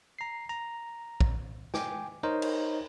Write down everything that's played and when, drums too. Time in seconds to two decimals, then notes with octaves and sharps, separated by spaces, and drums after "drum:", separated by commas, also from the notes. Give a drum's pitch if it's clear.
0.19 A#5 C7
0.49 A#5
1.20 drum: kick
1.74 G5 G#5 D6, drum: snare
2.23 D#4 A#4 C5 C#5 D#5
2.42 drum: cymbal